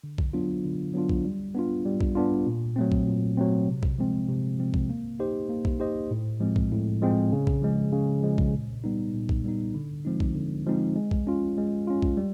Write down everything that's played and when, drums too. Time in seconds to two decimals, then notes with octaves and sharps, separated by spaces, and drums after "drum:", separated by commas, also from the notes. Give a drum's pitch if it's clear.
0.04 D3
0.18 drum: kick B1
0.33 F#3 B3 D4 F4
0.65 D3
0.94 F#3 B3 D4 F4
1.09 drum: kick B1
1.25 G3
1.55 B3 D4 F4
1.85 G3
2.01 drum: kick B1
2.15 B3 D4 F4
2.46 A#2
2.76 F#3 A3 C4
2.92 drum: kick B1
3.07 A#2
3.37 F#3 A3 C4
3.68 C3
3.83 drum: kick B1
3.98 F3 G#3 C4
4.28 C3
4.59 F3 G#3 C4
4.74 drum: kick B1
4.90 A#3
5.19 D#4 G4 C5 D#5
5.49 A#3
5.65 drum: kick B1
5.79 D#4 G4 C5 D#5
6.11 A2
6.40 F3 G#3 C4
6.56 drum: kick B1
6.72 A2
7.02 F3 G#3 C4
7.32 C#3
7.47 drum: kick B1
7.62 F3 G#3
7.92 C#3
8.23 F3 G#3
8.38 drum: kick B1
8.53 A#2
8.84 G3 B3 D#4
9.14 A#2
9.29 drum: kick B1
9.44 G3 B3 D#4
9.74 D3
10.05 F3 G#3 C4 D#4
10.20 drum: kick B1
10.35 D3
10.66 F3 G#3 C4 D#4
10.96 G#3
11.11 drum: kick B1
11.27 C#4 F4
11.58 G#3
11.87 C#4 F4
12.02 drum: kick B1
12.17 G3